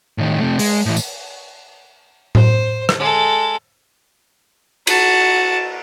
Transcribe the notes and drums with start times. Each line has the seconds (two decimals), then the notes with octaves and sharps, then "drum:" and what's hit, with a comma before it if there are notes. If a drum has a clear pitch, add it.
0.18 A2 D#3
0.40 C3 A3
0.59 G#3, drum: open hi-hat
0.86 A2 E3
0.97 drum: tambourine
2.35 C5, drum: tom A2
2.89 drum: rim click
2.99 G#3 A4
4.87 F#4 A5, drum: cymbal